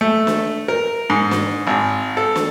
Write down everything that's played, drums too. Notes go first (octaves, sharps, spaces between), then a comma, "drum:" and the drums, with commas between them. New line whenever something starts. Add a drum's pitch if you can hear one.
A3
drum: snare
A#4
G#2
drum: snare
G#1
A4
drum: snare